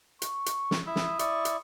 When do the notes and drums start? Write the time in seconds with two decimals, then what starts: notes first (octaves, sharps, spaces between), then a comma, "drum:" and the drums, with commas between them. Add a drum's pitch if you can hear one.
0.22 C#6, drum: hi-hat
0.46 drum: hi-hat
0.71 drum: snare
0.86 E4 E5 D#6
0.96 drum: snare
1.19 E4 D5 C#6, drum: hi-hat
1.45 drum: hi-hat